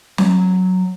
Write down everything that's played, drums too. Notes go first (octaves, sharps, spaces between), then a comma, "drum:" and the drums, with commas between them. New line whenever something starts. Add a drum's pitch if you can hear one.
F#3, drum: snare